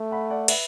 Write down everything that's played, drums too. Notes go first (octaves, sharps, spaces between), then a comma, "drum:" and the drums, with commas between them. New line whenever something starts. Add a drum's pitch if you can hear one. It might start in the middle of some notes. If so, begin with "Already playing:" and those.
Already playing: A3
F#5 B5
D5 F#5
B4 E5, drum: cymbal